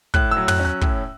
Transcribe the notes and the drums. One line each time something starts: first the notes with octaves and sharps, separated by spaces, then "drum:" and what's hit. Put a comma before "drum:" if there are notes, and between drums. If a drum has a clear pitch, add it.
A2 F#6, drum: kick
E6
F#3
F#6, drum: tom
C#4
F#6
A2, drum: kick